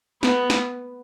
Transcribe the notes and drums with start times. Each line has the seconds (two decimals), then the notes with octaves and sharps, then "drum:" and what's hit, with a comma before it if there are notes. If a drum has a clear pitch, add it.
0.23 B3, drum: snare
0.50 drum: snare